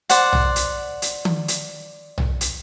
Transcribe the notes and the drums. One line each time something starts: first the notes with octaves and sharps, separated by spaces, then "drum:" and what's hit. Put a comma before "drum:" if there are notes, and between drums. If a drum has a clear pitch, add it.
C5 D5 F#5, drum: hi-hat
drum: tom B1
drum: hi-hat
drum: hi-hat
drum: tom D#3
drum: hi-hat
drum: tom B1
drum: hi-hat